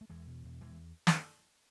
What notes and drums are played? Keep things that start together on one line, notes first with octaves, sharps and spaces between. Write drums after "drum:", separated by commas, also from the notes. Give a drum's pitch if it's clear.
A3
E2 E3 G#3
B2
E2
E2 E3 G#3
drum: snare